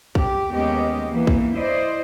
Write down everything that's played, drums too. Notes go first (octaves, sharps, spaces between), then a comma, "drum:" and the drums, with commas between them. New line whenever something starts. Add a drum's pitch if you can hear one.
G4, drum: kick
D#2 G#3 B3 C#4 G4 D#5
E3 A#3 B3
drum: kick
E4 C5 D5 D#5